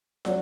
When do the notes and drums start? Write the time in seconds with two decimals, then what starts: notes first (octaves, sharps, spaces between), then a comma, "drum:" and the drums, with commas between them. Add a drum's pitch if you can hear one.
0.25 F#3 C#4 D5 F#5, drum: snare